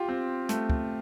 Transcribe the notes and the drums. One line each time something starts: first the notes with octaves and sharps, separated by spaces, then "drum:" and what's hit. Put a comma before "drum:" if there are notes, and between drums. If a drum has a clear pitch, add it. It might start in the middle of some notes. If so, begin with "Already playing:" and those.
Already playing: F4 G4
C4
A3, drum: hi-hat
drum: kick